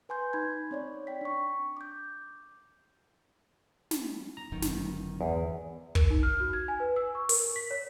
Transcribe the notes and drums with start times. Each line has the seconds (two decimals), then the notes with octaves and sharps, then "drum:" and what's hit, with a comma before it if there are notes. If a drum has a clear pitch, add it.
0.09 B4 G#5 C6 G6
0.33 D#4 B5 G#6
0.71 C4 C#5 D5
1.07 G5 B6
1.21 D4 C#6
1.77 D6 G6
3.91 drum: snare
4.37 A#5
4.52 G1 F#2 D#3
4.62 drum: snare
5.21 E2
5.95 A#4, drum: kick
6.10 D#4
6.23 F6
6.40 F#4
6.53 G#6
6.68 G#5
6.80 B4
6.96 E6
7.15 C#6
7.29 A#4, drum: open hi-hat
7.56 B6
7.71 C#5